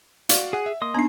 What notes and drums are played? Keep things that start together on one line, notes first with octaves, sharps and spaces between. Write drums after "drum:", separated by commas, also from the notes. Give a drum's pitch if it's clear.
F#4 D5 F5, drum: hi-hat
G#4 F#5 G#5
E5
A#3 D#5 C6 D#6
B3 D4 D#4 A#5 C7